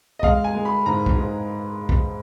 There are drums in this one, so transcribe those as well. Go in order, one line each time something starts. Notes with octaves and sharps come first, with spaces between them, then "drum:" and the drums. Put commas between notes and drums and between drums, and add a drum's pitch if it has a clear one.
D#5
G#3 F5, drum: kick
G#5
G#3
B5
G#2 A#5
drum: kick
G#2
drum: kick